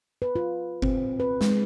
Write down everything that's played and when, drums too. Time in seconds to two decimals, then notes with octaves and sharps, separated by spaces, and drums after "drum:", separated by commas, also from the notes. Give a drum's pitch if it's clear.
0.22 B4
0.36 F4
0.82 C4, drum: kick G1
1.20 B4
1.41 G#3, drum: snare